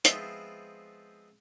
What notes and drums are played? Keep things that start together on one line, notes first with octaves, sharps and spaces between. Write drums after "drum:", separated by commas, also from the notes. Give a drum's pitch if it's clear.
F3 G#3 B3 C4 E4 F4, drum: hi-hat